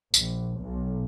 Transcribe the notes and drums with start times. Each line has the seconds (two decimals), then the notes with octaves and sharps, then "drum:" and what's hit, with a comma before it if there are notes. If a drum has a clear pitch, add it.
0.14 A#1, drum: tambourine
0.60 B1